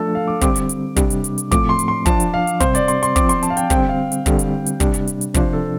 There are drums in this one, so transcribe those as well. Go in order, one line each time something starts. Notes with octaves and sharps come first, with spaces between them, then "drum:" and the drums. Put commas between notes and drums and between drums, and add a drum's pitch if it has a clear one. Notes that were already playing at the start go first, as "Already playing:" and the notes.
Already playing: F3 A3 D4 A4
F5
D6
D3 G3 C4 D6, drum: kick, hi-hat
drum: hi-hat
drum: hi-hat
C3 G3 D4, drum: kick, hi-hat
drum: hi-hat
drum: hi-hat
drum: hi-hat
A2 F3 A3 C4 D6, drum: kick, hi-hat
C6
drum: hi-hat
C6
F3 D4 A5, drum: kick, hi-hat
drum: hi-hat
F5
drum: hi-hat
C3 G3 C4 C5, drum: kick, hi-hat
D5, drum: hi-hat
C6, drum: hi-hat
C6, drum: hi-hat
F3 C4 D6, drum: kick, hi-hat
C6, drum: hi-hat
A5, drum: hi-hat
F5
G5, drum: hi-hat
D3 G3 C4 G5, drum: kick, hi-hat
F5
drum: hi-hat
D3 G3 C4, drum: kick, hi-hat
drum: hi-hat
drum: hi-hat
C3 G3 D4, drum: kick, hi-hat
drum: hi-hat
drum: hi-hat
drum: hi-hat
C3 F3 D4 C5, drum: kick, hi-hat
A4